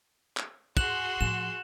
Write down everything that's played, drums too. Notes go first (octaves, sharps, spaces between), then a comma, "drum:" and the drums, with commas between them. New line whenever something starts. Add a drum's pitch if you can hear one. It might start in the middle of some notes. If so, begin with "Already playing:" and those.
drum: clap
F#4 G#4 C6 F#6 E7 F#7, drum: kick
A2 F3 E7